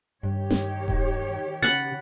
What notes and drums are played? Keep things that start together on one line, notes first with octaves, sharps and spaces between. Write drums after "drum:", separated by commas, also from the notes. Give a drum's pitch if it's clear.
G2 D#3 G4 C#5
drum: snare
drum: kick D#1
C#3 F#5 B5 A6